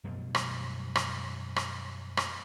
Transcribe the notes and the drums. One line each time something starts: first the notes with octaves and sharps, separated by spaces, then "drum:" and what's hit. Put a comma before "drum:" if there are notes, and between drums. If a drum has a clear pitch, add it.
F#2 B2 F3 G3
drum: rim click
drum: rim click
drum: rim click
drum: rim click